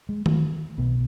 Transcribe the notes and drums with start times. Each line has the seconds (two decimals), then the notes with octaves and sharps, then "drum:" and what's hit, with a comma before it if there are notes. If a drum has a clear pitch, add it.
0.09 G#3
0.26 A3, drum: tom D#3
0.78 B1 B2 B3